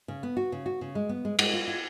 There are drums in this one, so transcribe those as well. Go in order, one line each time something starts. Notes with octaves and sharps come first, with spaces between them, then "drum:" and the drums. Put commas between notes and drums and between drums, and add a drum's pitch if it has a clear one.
C#3
B3
F#4
C#3
F#4
C#3
G#3
B3
G#3
G#3, drum: cymbal
F4
F4